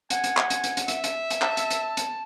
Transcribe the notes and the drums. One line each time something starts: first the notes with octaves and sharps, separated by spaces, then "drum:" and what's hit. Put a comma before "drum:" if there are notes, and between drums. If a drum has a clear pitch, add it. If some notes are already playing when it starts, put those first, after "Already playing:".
F#5 G#5, drum: hi-hat
drum: hi-hat
drum: clap
drum: hi-hat
drum: hi-hat
drum: hi-hat
E5, drum: hi-hat
drum: hi-hat
drum: hi-hat
A5, drum: clap
drum: hi-hat
drum: hi-hat
drum: hi-hat